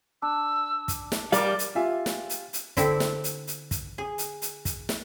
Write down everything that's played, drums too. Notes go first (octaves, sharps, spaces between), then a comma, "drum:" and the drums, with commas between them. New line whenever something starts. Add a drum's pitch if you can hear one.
D4 E6
drum: kick, hi-hat
drum: snare
G3 A#4 D5 F5 D6, drum: hi-hat
drum: hi-hat
F4 G4 E5 G#5
drum: snare
drum: hi-hat
drum: hi-hat
D3 C4 E4, drum: kick, hi-hat
drum: snare
drum: hi-hat
drum: hi-hat
drum: kick, hi-hat
G#4
drum: hi-hat
drum: hi-hat
drum: kick, hi-hat
drum: snare